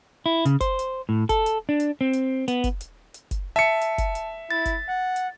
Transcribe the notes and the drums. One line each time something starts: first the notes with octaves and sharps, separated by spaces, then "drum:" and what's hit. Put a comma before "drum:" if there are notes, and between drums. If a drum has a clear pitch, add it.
E4
C#3, drum: hi-hat
C5, drum: kick F#1, hi-hat
drum: hi-hat
A2
A4, drum: kick F#1, hi-hat
drum: hi-hat
D4
drum: hi-hat
C4
drum: hi-hat
B3, drum: hi-hat
drum: kick F#1, hi-hat
drum: hi-hat
drum: hi-hat
drum: kick F#1, hi-hat
E5 A5 C#7
drum: hi-hat
drum: kick F#1, hi-hat
drum: hi-hat
E4 A6
drum: kick F#1, hi-hat
F#5
drum: hi-hat